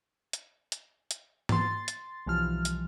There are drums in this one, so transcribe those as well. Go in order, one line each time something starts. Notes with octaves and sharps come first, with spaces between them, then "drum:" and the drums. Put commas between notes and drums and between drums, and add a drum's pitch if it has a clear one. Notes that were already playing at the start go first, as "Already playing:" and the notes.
drum: hi-hat
drum: hi-hat
drum: hi-hat
C6 A6, drum: tom
drum: hi-hat
B1 E3 F3 G3 F6
drum: hi-hat